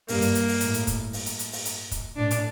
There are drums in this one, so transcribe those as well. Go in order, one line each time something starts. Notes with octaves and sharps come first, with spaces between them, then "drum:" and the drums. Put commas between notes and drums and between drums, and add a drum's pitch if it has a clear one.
G2 A#3, drum: open hi-hat
drum: hi-hat
drum: hi-hat
drum: open hi-hat
A2, drum: hi-hat
drum: hi-hat
drum: kick, hi-hat
drum: open hi-hat
drum: hi-hat
drum: hi-hat
drum: open hi-hat
drum: hi-hat
drum: kick, hi-hat
A2 D4
drum: hi-hat